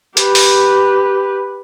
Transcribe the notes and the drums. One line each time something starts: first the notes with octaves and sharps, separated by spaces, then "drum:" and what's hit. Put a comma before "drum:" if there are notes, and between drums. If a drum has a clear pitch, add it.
G4 B4, drum: hi-hat
drum: open hi-hat